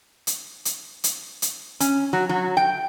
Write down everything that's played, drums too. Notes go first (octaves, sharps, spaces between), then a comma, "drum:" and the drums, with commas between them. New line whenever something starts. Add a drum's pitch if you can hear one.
drum: hi-hat
drum: hi-hat
drum: hi-hat
drum: hi-hat
C#4, drum: hi-hat
F#3
F#3
G5